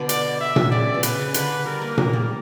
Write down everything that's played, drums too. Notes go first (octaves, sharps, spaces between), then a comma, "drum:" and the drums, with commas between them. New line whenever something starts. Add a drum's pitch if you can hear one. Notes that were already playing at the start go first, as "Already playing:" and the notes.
Already playing: B2 D3
D5, drum: hi-hat
E5
drum: tom A#2
C#3 D5
B2
C#3 B4, drum: hi-hat
C#3
D3 B4, drum: hi-hat
G3 A#4
A#3
A#3, drum: tom A#2
G3